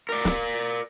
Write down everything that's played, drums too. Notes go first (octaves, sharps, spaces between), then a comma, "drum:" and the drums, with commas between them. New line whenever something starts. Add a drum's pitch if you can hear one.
A#4 D5
drum: snare